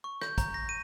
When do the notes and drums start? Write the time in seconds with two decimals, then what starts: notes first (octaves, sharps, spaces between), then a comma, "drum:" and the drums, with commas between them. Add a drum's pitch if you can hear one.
0.04 C#6
0.22 G6, drum: rim click
0.38 A#5, drum: kick, hi-hat
0.54 A#6
0.69 D#7